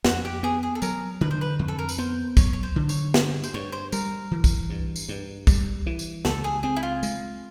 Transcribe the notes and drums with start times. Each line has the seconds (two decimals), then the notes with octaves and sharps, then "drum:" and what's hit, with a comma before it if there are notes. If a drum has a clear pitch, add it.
0.05 F2 F#4, drum: snare
0.25 G4
0.43 B3 G#4
0.63 G#4
0.75 A4
0.82 F#3 A#4, drum: tambourine
1.21 D3 B4
1.31 C5
1.41 B4
1.59 F2
1.68 A4
1.79 A#4
1.89 B4, drum: tambourine
1.98 B3 C5
2.37 F#3 C#5, drum: kick, tambourine
2.53 C#5
2.63 C5
2.76 D3
2.89 C#5, drum: tambourine
3.14 G2, drum: snare
3.44 C5, drum: tambourine
3.54 G2 C#5
3.72 C5
3.92 G3 A#4, drum: tambourine
4.31 E3
4.44 drum: kick, tambourine
4.70 G2
4.96 drum: tambourine
5.09 G2
5.47 G3, drum: kick, tambourine
5.86 E3
5.99 drum: tambourine
6.25 C#2 A4, drum: snare
6.44 G#4
6.63 C4 G#4
6.76 E4
6.83 F4
7.03 G#3, drum: tambourine